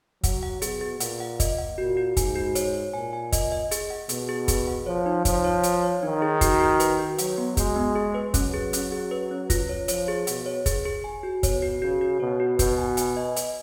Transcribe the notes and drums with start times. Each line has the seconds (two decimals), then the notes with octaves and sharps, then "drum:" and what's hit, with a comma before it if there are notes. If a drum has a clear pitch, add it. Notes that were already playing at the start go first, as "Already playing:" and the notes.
0.23 F#3 F#5, drum: kick, hi-hat
0.43 F#5
0.62 B2 G#4, drum: hi-hat
0.81 G#4
1.00 A#2 F#5, drum: hi-hat
1.20 F#5
1.40 D#5, drum: kick, hi-hat
1.58 F#5
1.78 A#2 F#4
1.97 F#4
2.17 G#2 G#5, drum: kick, hi-hat
2.36 F#4
2.55 C#5, drum: hi-hat
2.74 C#5
2.94 A#2 G#5
3.13 G#5
3.32 D#5, drum: kick, hi-hat
3.52 D#5
3.71 G#4, drum: hi-hat
3.90 F#5
4.09 B2 G#4, drum: hi-hat
4.29 G#4
4.48 G#4, drum: kick, hi-hat
4.67 F#5
4.86 F3 C#5
5.06 D#4
5.25 F3 C#5, drum: kick, hi-hat
5.45 C#5
5.63 C#5, drum: hi-hat
5.83 C#5
6.03 D#3 D#4
6.22 G#4
6.41 F#4, drum: kick, hi-hat
6.60 F#4
6.80 B4, drum: hi-hat
6.99 F#4
7.18 F#3 F#5, drum: hi-hat
7.38 B3
7.57 G#3 F#4, drum: kick, hi-hat
7.76 B3
7.96 G#4
8.14 B4
8.34 F#3 C#4, drum: kick, hi-hat
8.54 G#4
8.73 C#4, drum: hi-hat
8.92 G#4
9.11 B4
9.31 C#4
9.50 F4, drum: kick, hi-hat
9.69 C#5
9.88 F3 C#5, drum: hi-hat
10.08 G#4
10.27 B2 F#5, drum: hi-hat
10.46 C#5
10.66 G#4, drum: kick, hi-hat
10.85 G#4
11.04 G#5
11.23 F#4
11.43 B2 C#5, drum: kick, hi-hat
11.62 F#4
11.82 C#3 F#4
12.01 F#4
12.20 B2 C#5
12.40 F#4
12.59 B2 F#4, drum: kick, hi-hat
12.78 G#5
12.97 G#5, drum: hi-hat
13.17 D#5
13.36 D#5, drum: hi-hat